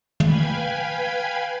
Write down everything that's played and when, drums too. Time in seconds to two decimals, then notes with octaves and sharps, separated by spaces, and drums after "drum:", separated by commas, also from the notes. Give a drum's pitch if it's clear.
0.20 B4 F5 G5 G#5 B5 G#6, drum: tom